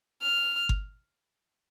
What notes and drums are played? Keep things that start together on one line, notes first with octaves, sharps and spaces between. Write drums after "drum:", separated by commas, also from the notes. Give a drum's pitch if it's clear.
F6
drum: kick G1